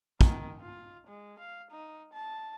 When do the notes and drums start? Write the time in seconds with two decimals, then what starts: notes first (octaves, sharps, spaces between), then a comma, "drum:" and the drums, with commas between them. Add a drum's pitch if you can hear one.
0.21 D#3, drum: kick
0.61 F4
1.07 G#3
1.39 F5
1.71 D#4
2.13 A5